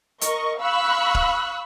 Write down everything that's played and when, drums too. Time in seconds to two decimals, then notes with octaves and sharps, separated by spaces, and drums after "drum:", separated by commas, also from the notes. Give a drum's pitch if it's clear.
0.21 A#4 D#5 C#6, drum: hi-hat
0.60 F5 B5 C#6 E6 F#6
1.15 drum: kick